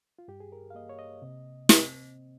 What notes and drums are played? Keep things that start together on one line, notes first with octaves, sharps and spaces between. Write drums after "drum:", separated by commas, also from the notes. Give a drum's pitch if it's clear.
F4
G2 G4
G#4
A#4
F5
A#3 D#5
C#5
D#5
C3
C4, drum: snare